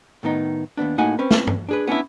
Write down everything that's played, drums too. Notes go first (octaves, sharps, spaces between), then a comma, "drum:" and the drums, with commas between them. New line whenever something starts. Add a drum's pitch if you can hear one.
A2 D#3 B3 D#4
D#2 A#2 B3 D4
A2 A#3 D#4 F#4 F#5 G#5
C4 C#4 B4
drum: snare
drum: tom G2
D4 G#4 B4
B3 C#4 D4 E4